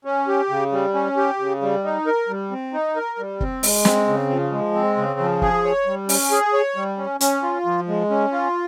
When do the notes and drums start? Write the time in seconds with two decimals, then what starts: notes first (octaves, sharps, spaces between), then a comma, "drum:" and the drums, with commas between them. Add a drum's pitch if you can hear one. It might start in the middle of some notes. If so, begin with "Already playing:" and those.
0.05 C#4
0.28 G4
0.49 C#3
0.72 G3
0.94 C#4
1.17 G4
1.39 C#3
1.62 G3
1.84 D#4
2.06 A#4
2.29 G3
2.51 C4
2.73 D#4
2.96 A#4
3.18 G3
3.40 C4, drum: kick
3.63 G#3, drum: open hi-hat
3.85 C4, drum: snare
4.07 C#3
4.30 F3
4.52 G#3
4.74 C4
4.97 C#3
5.20 F3
5.42 G#4, drum: kick
5.64 C#5
5.86 G3
6.09 C#4, drum: open hi-hat
6.31 G#4
6.53 C#5
6.76 G3
6.98 C#4
7.21 C#4, drum: hi-hat
7.43 F4
7.65 F3
7.88 G#3
8.10 C#4
8.32 F4